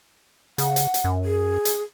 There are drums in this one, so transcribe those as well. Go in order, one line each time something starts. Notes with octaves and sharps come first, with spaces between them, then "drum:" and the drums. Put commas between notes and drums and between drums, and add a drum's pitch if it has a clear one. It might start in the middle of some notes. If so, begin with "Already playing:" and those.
C#3 F#5, drum: hi-hat
drum: hi-hat
drum: hi-hat
F#2
G#4
drum: hi-hat